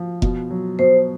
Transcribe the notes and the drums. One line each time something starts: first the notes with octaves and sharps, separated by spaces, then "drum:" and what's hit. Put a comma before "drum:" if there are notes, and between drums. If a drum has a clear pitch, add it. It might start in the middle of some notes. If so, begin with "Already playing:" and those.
Already playing: F3
B2, drum: kick F1
F#3
B2 C5